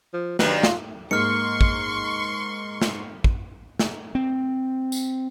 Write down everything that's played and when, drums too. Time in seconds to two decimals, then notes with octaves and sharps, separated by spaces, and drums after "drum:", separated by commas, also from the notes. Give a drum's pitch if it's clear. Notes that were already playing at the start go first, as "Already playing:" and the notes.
0.14 F3
0.39 G2 D#3 F#3 B4, drum: snare
0.63 F4, drum: snare
1.11 G#2 A#3 C6 C#6 F6 C#7
1.61 drum: kick
2.82 drum: snare
3.24 drum: kick
3.79 drum: snare
4.15 C4
4.92 drum: tambourine